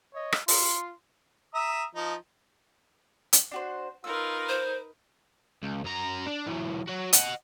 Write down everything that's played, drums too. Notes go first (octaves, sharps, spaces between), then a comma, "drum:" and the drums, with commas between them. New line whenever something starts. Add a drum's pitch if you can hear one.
C#5 D#5
drum: rim click
F4 C6, drum: open hi-hat
E5 A#5 D#6
F3 D#4
drum: hi-hat
D4 F#4 C5
D#4 F4 A#4 B4 E6
C5
C#2
F#2 A#5
D4
E3 F#3
F#3 F#4
D#5 F#5, drum: hi-hat